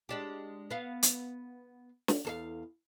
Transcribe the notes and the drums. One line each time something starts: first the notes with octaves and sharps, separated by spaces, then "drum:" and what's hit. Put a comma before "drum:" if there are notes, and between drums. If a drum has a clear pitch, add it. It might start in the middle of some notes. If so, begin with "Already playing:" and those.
G#3 D4 G4
B3 F5
drum: hi-hat
drum: snare
E2 A4 F5